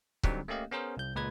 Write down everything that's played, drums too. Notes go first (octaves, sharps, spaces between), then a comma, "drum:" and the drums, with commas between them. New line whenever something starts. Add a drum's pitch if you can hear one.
D3 F#3 G3 C4 D#4, drum: kick C#1
A3 A#3 C#4 G4 D#5 F5
B3 C#4 G#4 A#4 C5
C2 G6
C#2 A#2 G#3 B4 B5 G#6